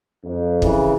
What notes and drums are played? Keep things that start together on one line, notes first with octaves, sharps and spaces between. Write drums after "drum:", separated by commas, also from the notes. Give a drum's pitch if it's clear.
F2
C#3 E3, drum: kick